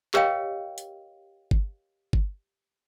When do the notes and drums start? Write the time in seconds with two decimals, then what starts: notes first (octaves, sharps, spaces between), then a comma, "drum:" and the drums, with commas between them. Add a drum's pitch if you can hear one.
0.14 G4 A#4 C#5 D#5 F5 G5, drum: clap
0.78 drum: hi-hat
1.51 drum: kick G1
2.13 drum: kick G1